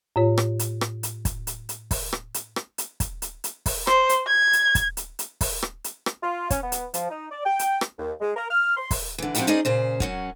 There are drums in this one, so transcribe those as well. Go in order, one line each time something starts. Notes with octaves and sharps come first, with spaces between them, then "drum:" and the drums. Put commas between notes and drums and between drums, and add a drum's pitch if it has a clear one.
A2 F4 C#5
drum: rim click
drum: hi-hat
drum: rim click
drum: hi-hat
drum: kick, hi-hat
drum: hi-hat
drum: hi-hat
drum: kick, open hi-hat
drum: rim click
drum: hi-hat
drum: rim click
drum: hi-hat
drum: kick, hi-hat
drum: hi-hat
drum: hi-hat
drum: kick, open hi-hat
C5, drum: rim click
drum: hi-hat
G#6
drum: hi-hat
drum: kick, hi-hat
drum: hi-hat
drum: hi-hat
drum: kick, open hi-hat
drum: rim click
drum: hi-hat
drum: rim click
F4
C#4, drum: kick, hi-hat
B3
drum: hi-hat
F3, drum: hi-hat
D#4
D5
G5
drum: hi-hat
drum: rim click
D#2
G#3
A#4
F6
C6
drum: kick, open hi-hat
D3 E3
F3 C4 D4 E4 F#4 G4, drum: hi-hat
C#4 D#4 G#4 C5 D5 D#5
A#2 C#3 C5
F#2 F#3 C#4, drum: kick